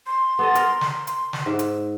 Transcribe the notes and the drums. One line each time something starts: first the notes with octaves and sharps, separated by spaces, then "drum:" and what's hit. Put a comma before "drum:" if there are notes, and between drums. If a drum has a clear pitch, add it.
C6
B3 A4 D#5
A#4, drum: hi-hat
drum: snare
drum: hi-hat
drum: snare
G#2 E5
drum: hi-hat